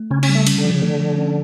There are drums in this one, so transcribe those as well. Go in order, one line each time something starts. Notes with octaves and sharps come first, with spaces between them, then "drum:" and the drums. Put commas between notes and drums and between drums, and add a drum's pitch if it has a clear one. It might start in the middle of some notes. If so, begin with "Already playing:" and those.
Already playing: A3
C#3 C#4
C#4, drum: cymbal
G3
A3
C#4, drum: cymbal
D3
F3
C#3
D3 A3
F3
C#4